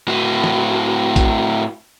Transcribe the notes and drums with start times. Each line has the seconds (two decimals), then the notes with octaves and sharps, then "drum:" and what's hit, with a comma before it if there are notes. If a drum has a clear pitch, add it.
0.07 A2 F#4
0.44 drum: snare
1.16 drum: kick A#1, hi-hat